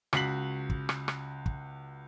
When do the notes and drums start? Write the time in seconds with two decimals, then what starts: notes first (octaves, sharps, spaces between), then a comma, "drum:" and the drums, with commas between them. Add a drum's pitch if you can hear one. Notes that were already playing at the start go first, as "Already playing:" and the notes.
0.13 C#2 F#4 B6 C7 F#7, drum: rim click
0.70 drum: kick
0.89 drum: rim click
1.08 drum: rim click
1.46 drum: kick